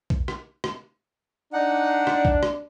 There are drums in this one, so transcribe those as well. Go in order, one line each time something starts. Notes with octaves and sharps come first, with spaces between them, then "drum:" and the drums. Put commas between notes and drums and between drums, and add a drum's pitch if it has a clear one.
drum: kick A#1
drum: rim click
drum: rim click
D4 D#4 F#5
drum: rim click
drum: kick A#1
drum: rim click